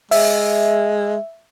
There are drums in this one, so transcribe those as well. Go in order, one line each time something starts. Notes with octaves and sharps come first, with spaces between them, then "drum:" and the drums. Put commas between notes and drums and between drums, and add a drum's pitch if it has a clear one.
G#3 E5, drum: open hi-hat